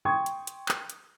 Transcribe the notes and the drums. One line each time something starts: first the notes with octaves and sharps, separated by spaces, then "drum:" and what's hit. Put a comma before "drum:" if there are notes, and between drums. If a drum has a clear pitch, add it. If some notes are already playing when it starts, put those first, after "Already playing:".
G5 C6 C#6 D#6 G#6
drum: hi-hat
drum: hi-hat
drum: clap
drum: hi-hat